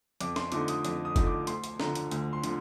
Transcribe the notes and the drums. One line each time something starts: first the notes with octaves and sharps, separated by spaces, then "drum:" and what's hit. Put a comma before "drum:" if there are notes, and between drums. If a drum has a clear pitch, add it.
F2 D6, drum: hi-hat
C6, drum: snare
D3 F3 A3 D#4 D6, drum: hi-hat
D#6, drum: hi-hat
F2, drum: hi-hat
D#6
D3 F3 A3 D#4, drum: kick F#1, hi-hat
D6
D2 C6, drum: hi-hat
drum: hi-hat
D3 F3 A3 A#5, drum: snare
drum: hi-hat
D2, drum: hi-hat
C6
D3 F3 A3, drum: hi-hat